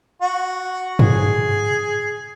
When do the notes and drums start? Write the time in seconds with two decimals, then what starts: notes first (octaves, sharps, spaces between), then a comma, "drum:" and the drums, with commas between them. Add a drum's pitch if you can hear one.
0.22 F#4
0.99 G#4, drum: tom G2